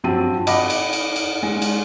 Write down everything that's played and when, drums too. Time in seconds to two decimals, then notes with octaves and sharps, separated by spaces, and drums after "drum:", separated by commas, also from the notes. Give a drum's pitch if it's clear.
0.04 G2 F3 F#3 C4 A5 D#7
0.47 D#5 F5 F#5 B5 D6, drum: cymbal
0.70 drum: cymbal
0.93 drum: cymbal
1.16 drum: cymbal
1.43 G#3
1.62 drum: cymbal